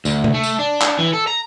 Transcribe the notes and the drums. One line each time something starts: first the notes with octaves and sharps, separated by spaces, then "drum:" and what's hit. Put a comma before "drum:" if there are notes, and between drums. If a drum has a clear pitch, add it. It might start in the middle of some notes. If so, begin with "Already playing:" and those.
D2, drum: tambourine
drum: tom C3
A3
drum: tambourine
D4
drum: clap
E3
A4
A#5